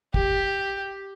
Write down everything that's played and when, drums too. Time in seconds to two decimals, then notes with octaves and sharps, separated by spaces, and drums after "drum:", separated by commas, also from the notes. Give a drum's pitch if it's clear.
0.14 G4, drum: kick